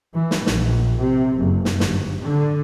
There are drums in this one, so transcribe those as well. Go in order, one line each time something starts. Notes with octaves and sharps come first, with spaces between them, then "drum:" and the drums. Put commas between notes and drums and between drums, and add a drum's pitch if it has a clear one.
E3
drum: snare
A#1, drum: snare
C3
F#1
drum: snare
G1, drum: snare
D3